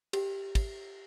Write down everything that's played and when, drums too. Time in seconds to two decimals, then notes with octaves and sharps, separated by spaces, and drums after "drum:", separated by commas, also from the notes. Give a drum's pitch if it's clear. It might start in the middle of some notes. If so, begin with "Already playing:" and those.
0.13 G4, drum: cymbal
0.55 drum: kick, cymbal